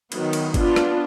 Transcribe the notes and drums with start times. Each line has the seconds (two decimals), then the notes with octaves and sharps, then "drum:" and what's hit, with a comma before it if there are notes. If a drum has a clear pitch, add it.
0.12 D#3 F#3 B3, drum: cymbal
0.33 drum: cymbal
0.54 B3 D4 F4, drum: kick G1, cymbal
0.76 drum: rim click